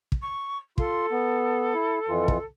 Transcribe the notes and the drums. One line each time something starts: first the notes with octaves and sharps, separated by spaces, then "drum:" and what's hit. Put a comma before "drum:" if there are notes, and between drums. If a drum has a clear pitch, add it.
drum: kick
C#6
F4 A4 C6, drum: kick
B3
E4
F2 E3 F4
drum: kick